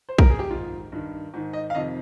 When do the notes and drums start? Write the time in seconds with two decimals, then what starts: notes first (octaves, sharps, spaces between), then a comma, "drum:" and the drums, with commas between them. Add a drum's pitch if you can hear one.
0.09 C5
0.18 A#4, drum: kick A#1
0.30 G#4
0.39 G4
0.49 G#2 D#3 F4
0.92 G2 D#3
1.34 G#2 D#3
1.53 D#5
1.70 F5
1.75 F2 C3 D#3 D#5